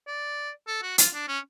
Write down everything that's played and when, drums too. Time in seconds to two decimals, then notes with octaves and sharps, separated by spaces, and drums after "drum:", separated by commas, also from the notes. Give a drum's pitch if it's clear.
0.08 D5
0.68 A4
0.83 F#4
0.98 F4, drum: hi-hat
1.14 D4
1.28 C#4